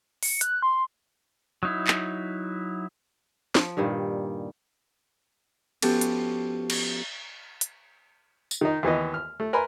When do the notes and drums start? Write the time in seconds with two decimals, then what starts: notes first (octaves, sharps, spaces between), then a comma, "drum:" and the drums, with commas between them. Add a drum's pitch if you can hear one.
0.23 C#7, drum: open hi-hat
0.41 F#6, drum: hi-hat
0.62 C6
1.63 F#3 D#4 E4
1.87 drum: clap
3.55 F3, drum: snare
3.77 G2 A#2 D#3 G3
5.82 F3 B3 C#4 F#4 G4 A4, drum: cymbal
6.01 drum: hi-hat
6.70 drum: cymbal
7.61 drum: hi-hat
8.51 drum: tambourine
8.61 D#3 D#4
8.83 D#2 E3 B3 D#5
9.14 F6
9.40 A3
9.53 A#4 B4 G#5 B5 C6